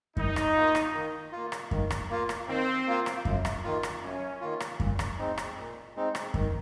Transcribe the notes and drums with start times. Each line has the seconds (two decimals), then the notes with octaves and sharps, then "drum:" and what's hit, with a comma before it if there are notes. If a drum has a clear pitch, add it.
0.17 D#3 D#4, drum: kick F#2
0.36 drum: rim click
0.55 A#3 F4
0.75 drum: rim click
0.94 D#3
1.32 A#3 F4
1.52 drum: rim click
1.71 D#3, drum: kick F#2
1.90 drum: rim click
2.10 A#3 F4
2.29 drum: rim click
2.48 D#3 C4
2.87 A#3 F4
3.06 drum: rim click
3.25 F#2, drum: kick F#2
3.45 drum: rim click
3.64 D#3 A#3 F4
3.83 drum: rim click
4.03 F#2 C#4
4.41 D#3 A#3 F4
4.60 drum: rim click
4.80 A#2, drum: kick F#2
4.99 drum: rim click
5.18 G#3 C4 D#4
5.38 drum: rim click
5.57 A#2
5.95 G#3 C4 D#4
6.15 drum: rim click
6.34 D#3, drum: kick F#2